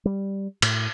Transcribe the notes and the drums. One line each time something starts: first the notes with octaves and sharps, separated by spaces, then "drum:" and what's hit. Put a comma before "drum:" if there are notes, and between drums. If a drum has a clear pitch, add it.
G3
A2, drum: cymbal